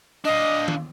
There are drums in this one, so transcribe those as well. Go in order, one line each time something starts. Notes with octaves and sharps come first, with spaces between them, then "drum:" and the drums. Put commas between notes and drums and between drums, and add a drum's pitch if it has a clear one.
D4 D#5 F5
drum: tom D#3